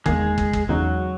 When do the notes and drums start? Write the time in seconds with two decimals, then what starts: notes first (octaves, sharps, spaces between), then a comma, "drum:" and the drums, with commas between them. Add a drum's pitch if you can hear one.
0.06 E2 D#3 G#3 A#3 G#4, drum: kick
0.38 drum: kick
0.53 drum: kick
0.69 E2 C#3 F#3 G#3 D#4 F#4